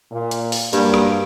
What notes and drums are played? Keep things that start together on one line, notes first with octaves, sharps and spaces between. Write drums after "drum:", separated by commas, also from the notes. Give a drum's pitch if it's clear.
A#2
drum: hi-hat
drum: open hi-hat
G2 F#3 G3 A#3, drum: hi-hat
drum: rim click